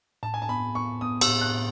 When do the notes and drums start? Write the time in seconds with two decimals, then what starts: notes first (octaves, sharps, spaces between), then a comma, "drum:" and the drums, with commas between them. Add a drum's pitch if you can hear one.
0.23 A2 A5
0.34 G#5
0.42 A5
0.49 B3 B5
0.75 B3 C#6
1.01 B3 D#6
1.21 E6, drum: cymbal
1.28 A2
1.41 F#6
1.54 A2